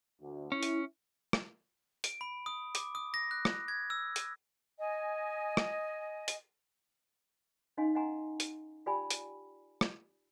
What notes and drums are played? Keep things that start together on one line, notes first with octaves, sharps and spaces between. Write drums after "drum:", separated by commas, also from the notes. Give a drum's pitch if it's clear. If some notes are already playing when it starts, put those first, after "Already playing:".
D2
C#4 E4
drum: hi-hat
drum: rim click
D7, drum: hi-hat
B5
D#6
D6, drum: hi-hat
D#6
A#6
F#6
drum: rim click
G#6
E6
drum: hi-hat
D#5 G#5
drum: rim click
drum: hi-hat
C#4 D#4 D#5 F5 G#5 C6
D#5 F#5 G#5 A#5 C6
drum: hi-hat
F4 G4 D5 G5 G#5 B5
drum: hi-hat
drum: rim click